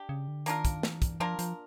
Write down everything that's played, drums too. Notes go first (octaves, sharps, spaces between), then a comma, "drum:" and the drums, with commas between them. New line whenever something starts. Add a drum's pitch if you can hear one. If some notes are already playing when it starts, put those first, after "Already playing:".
Already playing: D4 G4
C#3
D3
D#3 A#3 D4 F4 A#4, drum: hi-hat
drum: kick, hi-hat
E3, drum: snare
drum: kick, hi-hat
F3 A#3 D4 F4 A#4
F3, drum: hi-hat